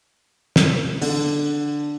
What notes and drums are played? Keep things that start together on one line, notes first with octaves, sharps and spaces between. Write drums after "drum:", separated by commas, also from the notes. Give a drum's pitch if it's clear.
drum: snare
D3, drum: open hi-hat